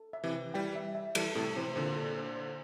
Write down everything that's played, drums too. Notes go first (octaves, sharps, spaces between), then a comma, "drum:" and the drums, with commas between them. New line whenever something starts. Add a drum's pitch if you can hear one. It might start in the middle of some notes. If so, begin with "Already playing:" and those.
Already playing: A4
E5
C3 E3
E5
E3 G3 G5
E5
E5
E3 G3 A4, drum: cymbal
A2 C3 A4
C3 E3 C5
A#2 D3 C5
A4
C5
C5